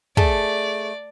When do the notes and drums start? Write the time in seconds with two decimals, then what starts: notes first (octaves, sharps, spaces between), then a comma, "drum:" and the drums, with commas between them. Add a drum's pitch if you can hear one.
0.17 A3 G#4 D5 G#5 A5, drum: kick